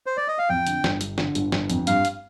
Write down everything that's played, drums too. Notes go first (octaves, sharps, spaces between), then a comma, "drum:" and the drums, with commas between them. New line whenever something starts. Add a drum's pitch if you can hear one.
C5
D5
D#5
F5
F2 G5
D3, drum: hi-hat
G1, drum: snare
G1, drum: hi-hat
D3, drum: snare
G1, drum: hi-hat
G1, drum: snare
F2, drum: hi-hat
G2 F5, drum: hi-hat
drum: hi-hat